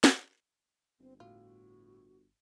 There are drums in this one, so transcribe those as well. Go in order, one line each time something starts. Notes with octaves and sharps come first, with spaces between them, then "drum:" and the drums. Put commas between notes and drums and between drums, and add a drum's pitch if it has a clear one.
drum: snare
G1 C4
A2 F4 F#4